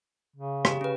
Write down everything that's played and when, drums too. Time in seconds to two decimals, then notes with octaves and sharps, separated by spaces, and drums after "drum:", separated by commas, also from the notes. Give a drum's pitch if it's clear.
0.36 C#3
0.65 G4, drum: rim click
0.81 C#4 B4